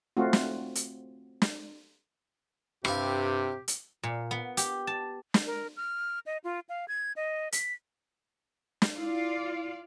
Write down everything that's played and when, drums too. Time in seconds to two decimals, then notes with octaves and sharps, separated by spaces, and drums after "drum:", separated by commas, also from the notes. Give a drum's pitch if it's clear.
0.17 A3 C4 F4 F#4
0.33 drum: snare
0.75 drum: hi-hat
1.42 drum: snare
2.85 G2 C3 E4 G4 F5, drum: rim click
3.68 drum: hi-hat
4.03 A#2
4.31 B3
4.57 G4, drum: hi-hat
4.87 A5
5.34 drum: snare
5.46 A#4
5.77 F6
6.26 D#5
6.44 F4
6.69 F5
6.88 G#6
7.16 D#5
7.52 B6, drum: hi-hat
8.82 drum: snare
8.98 E4 F4 D5 F5